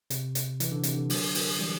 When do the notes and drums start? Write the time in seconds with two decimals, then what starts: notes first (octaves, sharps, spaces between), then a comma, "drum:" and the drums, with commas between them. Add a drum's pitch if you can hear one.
0.10 C3, drum: hi-hat
0.35 drum: hi-hat
0.60 E3, drum: hi-hat
0.71 D3
0.83 C3, drum: hi-hat
0.95 D3
1.10 D3 F#3, drum: open hi-hat
1.34 drum: open hi-hat
1.59 E3 G3